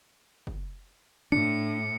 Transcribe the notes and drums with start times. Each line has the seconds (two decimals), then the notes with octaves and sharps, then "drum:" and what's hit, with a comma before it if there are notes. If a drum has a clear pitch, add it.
0.47 drum: kick
1.32 A2 D4 C#7, drum: tom